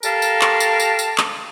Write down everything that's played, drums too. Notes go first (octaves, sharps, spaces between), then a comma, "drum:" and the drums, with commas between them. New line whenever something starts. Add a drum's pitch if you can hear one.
G4 A4 A#4 F5 A5, drum: tambourine
drum: tambourine
drum: clap
drum: tambourine
drum: tambourine
drum: tambourine
drum: clap